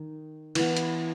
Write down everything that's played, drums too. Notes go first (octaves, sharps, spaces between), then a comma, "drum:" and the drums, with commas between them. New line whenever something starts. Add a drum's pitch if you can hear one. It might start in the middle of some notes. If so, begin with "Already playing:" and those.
Already playing: D#3
E3 B3, drum: cymbal
drum: hi-hat